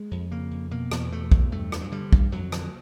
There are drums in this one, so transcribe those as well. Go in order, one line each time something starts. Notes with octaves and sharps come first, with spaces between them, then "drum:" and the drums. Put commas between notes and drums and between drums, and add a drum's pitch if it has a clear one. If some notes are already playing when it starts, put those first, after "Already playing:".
Already playing: G#3
F2
C#3 A#3
F2
B2 A#3
E2, drum: rim click
B2 A3
E2, drum: kick
G2 A3
G2, drum: rim click
F#3
D3 G3
G2, drum: kick
F2 F#3
D3, drum: rim click